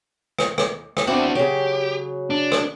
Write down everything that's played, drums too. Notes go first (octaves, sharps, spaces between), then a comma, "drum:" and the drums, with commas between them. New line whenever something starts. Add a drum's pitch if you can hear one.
drum: rim click
drum: rim click
drum: rim click
C4 D4 E4 F#4 D5
C#3 F#3 G4
D4
drum: rim click